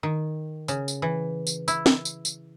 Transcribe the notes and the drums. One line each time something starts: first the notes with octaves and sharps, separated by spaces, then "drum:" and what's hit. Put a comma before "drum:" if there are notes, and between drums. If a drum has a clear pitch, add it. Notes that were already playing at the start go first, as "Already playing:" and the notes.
D#3
C#3, drum: tambourine
drum: tambourine
E3
drum: tambourine
E4, drum: tambourine
drum: snare
drum: tambourine
drum: tambourine